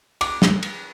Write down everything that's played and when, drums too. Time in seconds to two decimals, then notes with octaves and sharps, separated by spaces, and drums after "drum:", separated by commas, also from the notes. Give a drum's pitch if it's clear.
0.21 D6, drum: cymbal
0.42 drum: snare
0.63 drum: cymbal